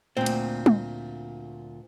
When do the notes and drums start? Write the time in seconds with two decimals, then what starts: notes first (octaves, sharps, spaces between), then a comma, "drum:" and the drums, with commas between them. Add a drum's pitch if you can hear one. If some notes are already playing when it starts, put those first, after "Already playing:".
0.17 D2 A#2 C4
0.26 drum: cymbal
0.66 drum: tom